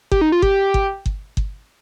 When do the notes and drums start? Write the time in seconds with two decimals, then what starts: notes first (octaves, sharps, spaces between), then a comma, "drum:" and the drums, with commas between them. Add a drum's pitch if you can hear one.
0.12 G4, drum: kick G1
0.21 D#4
0.32 F4
0.42 G4, drum: kick G1
0.74 drum: kick G1
1.06 drum: kick G1
1.37 drum: kick G1